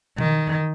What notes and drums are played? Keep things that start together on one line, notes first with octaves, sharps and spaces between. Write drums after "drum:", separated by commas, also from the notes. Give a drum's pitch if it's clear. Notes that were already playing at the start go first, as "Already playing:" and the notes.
D#3, drum: tom B2